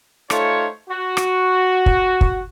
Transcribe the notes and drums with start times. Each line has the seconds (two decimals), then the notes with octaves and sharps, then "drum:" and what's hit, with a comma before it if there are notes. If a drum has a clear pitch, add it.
0.30 A3 D#4 F4 C5 C#5, drum: rim click
0.89 F#4
1.17 drum: rim click
1.86 drum: kick
2.21 drum: kick